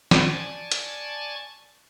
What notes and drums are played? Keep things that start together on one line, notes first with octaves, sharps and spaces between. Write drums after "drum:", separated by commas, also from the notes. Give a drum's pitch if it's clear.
D5 G#5 A5 C#6 G#6 A6, drum: snare
drum: hi-hat